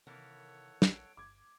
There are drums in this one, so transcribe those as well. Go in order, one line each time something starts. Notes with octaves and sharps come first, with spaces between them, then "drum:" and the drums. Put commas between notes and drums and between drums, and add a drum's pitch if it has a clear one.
C3 D#3 E3 A#3 A4 C#5 F#5
A#1 D7, drum: snare
G1 D6 G#6